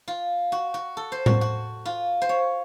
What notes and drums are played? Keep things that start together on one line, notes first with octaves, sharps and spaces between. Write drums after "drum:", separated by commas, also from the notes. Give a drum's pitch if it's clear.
F4
F#4
F#4
A4
C5
F#4, drum: tom A2
F#4
F4
C5
C#5